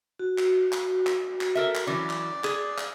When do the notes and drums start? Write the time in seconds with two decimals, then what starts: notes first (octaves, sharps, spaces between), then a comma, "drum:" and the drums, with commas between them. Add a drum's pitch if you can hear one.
0.19 F#4
0.38 drum: clap
0.72 drum: clap
1.07 drum: clap
1.41 drum: clap
1.55 A4 A#4 E5
1.75 drum: clap
1.87 E3 F#3 C#4 D5
2.10 drum: clap
2.44 G#4, drum: clap
2.78 drum: clap